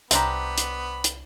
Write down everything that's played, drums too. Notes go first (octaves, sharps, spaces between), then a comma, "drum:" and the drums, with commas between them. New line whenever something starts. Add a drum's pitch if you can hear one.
C2 B3 C4 D4 G4 E5 A#5 B5, drum: hi-hat
drum: hi-hat
drum: hi-hat